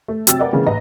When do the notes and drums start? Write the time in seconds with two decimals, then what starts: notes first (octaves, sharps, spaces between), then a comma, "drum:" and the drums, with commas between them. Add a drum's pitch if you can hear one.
0.08 A3
0.27 C3 F#3 G4 E6 A6, drum: hi-hat
0.39 A#4 B4 D5 D#5 F#5 G5
0.52 C#3 E3 G#3 A#3
0.66 A1 B4 D#5 A#5 A#6